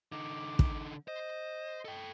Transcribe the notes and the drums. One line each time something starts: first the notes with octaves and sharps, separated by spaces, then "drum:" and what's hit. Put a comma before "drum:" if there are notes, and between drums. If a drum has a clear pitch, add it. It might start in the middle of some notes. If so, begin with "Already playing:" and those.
D3 D#4 D6
drum: kick
C5 D#5
A4 G5